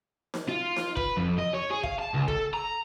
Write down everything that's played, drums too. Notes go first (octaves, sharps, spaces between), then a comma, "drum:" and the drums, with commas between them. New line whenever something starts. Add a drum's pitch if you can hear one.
drum: snare D#4
F4
drum: snare D#4
B4, drum: kick
F2
D#5
C#5
G#4
F5, drum: kick
A5
C#2
A4, drum: kick
A#5